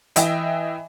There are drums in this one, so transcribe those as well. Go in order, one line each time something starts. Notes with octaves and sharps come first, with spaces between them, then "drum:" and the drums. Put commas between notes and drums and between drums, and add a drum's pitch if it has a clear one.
E3 D#5 E5 G5, drum: hi-hat